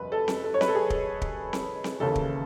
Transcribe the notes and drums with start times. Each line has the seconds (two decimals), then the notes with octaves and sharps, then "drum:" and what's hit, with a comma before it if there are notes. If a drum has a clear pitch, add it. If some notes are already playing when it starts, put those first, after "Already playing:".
Already playing: F#1 E2 B2 G#3 B4
0.12 A4
0.28 drum: snare C4
0.44 A4
0.54 C#5
0.61 B4, drum: snare C4
0.68 A4
0.75 G#4
0.90 drum: kick
1.22 drum: kick
1.53 drum: snare C4
1.84 drum: snare C4
2.00 D#2 C#3 E3 A4
2.15 drum: kick